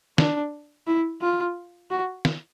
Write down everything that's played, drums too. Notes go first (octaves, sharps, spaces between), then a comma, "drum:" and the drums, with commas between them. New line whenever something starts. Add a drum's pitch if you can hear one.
D4, drum: snare
E4
F4
F#4
drum: snare